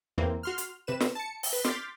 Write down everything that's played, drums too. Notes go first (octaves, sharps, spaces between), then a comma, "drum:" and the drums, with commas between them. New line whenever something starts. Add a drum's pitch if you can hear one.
E2 E3 A#3 C4
F#4 C6 F6
drum: hi-hat
C3 B4 E7
drum: snare
A5 C#7
drum: open hi-hat
B4
C6 D6 F6 G6 A6 B6, drum: snare